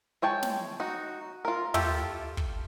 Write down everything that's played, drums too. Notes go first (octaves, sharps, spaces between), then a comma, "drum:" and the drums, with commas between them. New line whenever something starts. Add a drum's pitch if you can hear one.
G#3 C#5 G5 A5
drum: snare
D#4 F#4
F4 A#4
A3 E4 F4 G4 A4, drum: tom
drum: kick